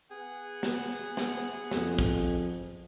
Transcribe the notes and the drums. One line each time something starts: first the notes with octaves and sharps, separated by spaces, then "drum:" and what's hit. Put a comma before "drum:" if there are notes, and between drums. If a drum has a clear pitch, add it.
B3 G#4 F#5
drum: snare
drum: snare
F2, drum: snare
drum: kick